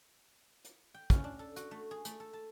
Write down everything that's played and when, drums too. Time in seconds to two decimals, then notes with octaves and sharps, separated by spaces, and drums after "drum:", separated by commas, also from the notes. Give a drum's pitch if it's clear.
0.65 drum: hi-hat
0.94 G5
1.10 C#4, drum: kick, hi-hat
1.24 D4
1.39 A4
1.56 F#4, drum: hi-hat
1.71 A3
1.91 G#4
2.05 A3, drum: hi-hat
2.20 A4
2.33 A5